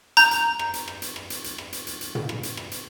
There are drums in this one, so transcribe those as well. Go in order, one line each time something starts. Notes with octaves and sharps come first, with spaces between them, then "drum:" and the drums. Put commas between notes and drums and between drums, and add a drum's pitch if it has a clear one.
A#5 G6, drum: hi-hat
drum: hi-hat
drum: rim click
drum: hi-hat
drum: rim click
drum: hi-hat
drum: rim click
drum: hi-hat
drum: hi-hat
drum: rim click
drum: hi-hat
drum: hi-hat
drum: hi-hat
drum: tom
drum: rim click
drum: hi-hat
drum: rim click
drum: hi-hat